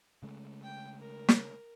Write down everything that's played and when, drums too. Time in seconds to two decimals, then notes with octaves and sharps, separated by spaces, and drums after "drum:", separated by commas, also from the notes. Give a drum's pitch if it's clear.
0.23 C#3 G#3 A3
0.63 G5
1.01 A#4
1.29 drum: snare